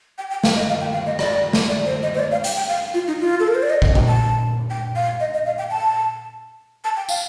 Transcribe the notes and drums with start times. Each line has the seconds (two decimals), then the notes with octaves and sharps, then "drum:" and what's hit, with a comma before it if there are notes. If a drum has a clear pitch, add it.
0.18 G5
0.30 G5
0.44 F5, drum: snare
0.56 D#5
0.69 F5
0.81 G5
0.93 F5
1.06 D#5
1.19 D5, drum: rim click
1.53 drum: snare
1.69 D5
1.86 C5
2.03 D#5
2.14 C5
2.19 D5
2.31 F5
2.44 G5, drum: hi-hat
2.57 G5
2.69 F5
2.94 F4
3.07 D#4
3.20 F4
3.40 A4
3.48 A#4
3.55 C5
3.63 D5
3.70 D#5
3.82 D#5, drum: kick A1
3.95 G5, drum: tom A#2
4.07 A5
4.70 G5
4.96 F5
5.20 D#5
5.34 D#5
5.46 F5
5.58 G5
5.71 A5
6.84 A5
6.97 G5
7.09 F5, drum: tambourine